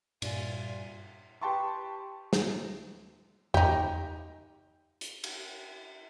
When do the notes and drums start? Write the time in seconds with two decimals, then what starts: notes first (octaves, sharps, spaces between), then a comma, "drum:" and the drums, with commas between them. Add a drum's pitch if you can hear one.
0.22 G2 A#2 F4 D5 G#5, drum: cymbal
1.41 G4 B4 G5 A5 C6 C#6
2.33 drum: snare
3.54 D#4 G4, drum: tom E2
5.01 drum: hi-hat
5.24 drum: cymbal